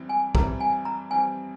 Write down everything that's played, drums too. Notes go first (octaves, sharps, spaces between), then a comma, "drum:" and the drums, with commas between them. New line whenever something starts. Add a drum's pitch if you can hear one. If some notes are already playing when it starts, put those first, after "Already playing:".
Already playing: F2 E3 G3 C4
G#5
F2 E3 G3 C4 A#5, drum: kick B1
G#5
A#5
F2 E3 G3 C4 G#5